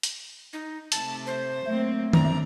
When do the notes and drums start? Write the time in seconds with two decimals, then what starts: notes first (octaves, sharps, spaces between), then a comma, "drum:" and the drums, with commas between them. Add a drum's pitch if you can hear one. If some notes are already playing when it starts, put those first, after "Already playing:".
0.03 drum: hi-hat
0.53 D#4
0.92 C3 A3 A5, drum: hi-hat
1.26 C5
1.66 F#3 A3 A#3 C4
2.13 F#2 C4 D4 A#5, drum: tom D#3